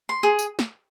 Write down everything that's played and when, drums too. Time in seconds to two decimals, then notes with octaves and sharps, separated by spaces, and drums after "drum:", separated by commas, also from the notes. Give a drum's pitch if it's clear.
0.09 C6
0.23 G#4
0.39 drum: tambourine
0.59 drum: snare